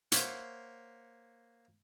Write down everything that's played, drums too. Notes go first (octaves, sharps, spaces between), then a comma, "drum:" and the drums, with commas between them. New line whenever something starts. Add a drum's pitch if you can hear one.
A#3 C5 C#5 E5 F#5, drum: hi-hat